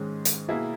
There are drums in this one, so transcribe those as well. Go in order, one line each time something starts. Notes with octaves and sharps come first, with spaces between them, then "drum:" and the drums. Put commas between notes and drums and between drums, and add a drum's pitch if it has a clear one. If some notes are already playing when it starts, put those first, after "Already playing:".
Already playing: G#2 D#3 G#3 C#4 G#4
drum: hi-hat
B2 A#3 E4 G#4